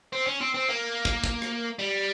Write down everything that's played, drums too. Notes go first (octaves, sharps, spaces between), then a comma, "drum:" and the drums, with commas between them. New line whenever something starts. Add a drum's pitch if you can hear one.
C4
C#4
C4
C4
A#3
drum: kick
drum: kick
drum: rim click
G3